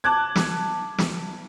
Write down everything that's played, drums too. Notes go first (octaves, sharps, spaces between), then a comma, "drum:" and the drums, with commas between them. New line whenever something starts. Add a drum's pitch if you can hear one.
A5 D6 F#6 G#6
drum: snare
drum: snare